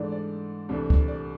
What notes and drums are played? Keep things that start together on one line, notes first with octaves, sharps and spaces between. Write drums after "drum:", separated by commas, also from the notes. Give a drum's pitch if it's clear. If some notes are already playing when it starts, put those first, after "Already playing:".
Already playing: G#2 E3 A3 D4 D5
D5
C2 C3 E3 A3 D4
drum: kick
D5